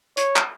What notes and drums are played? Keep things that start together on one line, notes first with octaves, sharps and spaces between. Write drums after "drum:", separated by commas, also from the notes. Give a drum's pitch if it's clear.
C#5, drum: hi-hat
drum: clap